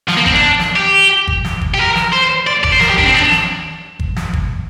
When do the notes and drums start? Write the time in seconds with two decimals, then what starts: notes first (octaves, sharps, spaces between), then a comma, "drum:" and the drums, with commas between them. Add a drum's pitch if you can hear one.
0.08 F3, drum: snare
0.17 A#3
0.26 C4, drum: kick G1
0.34 D4
0.59 drum: snare
0.76 G4
1.27 drum: kick G1
1.44 drum: snare
1.61 drum: kick G1
1.74 G4
1.79 A#4
1.95 drum: snare
2.12 C5
2.47 D5
2.64 D5, drum: kick G1
2.72 C5
2.81 A#4, drum: snare
2.89 G4
2.98 D4, drum: kick G1
3.06 C4
3.14 D4
3.31 drum: snare
3.99 drum: kick G1
4.16 drum: snare
4.33 drum: kick G1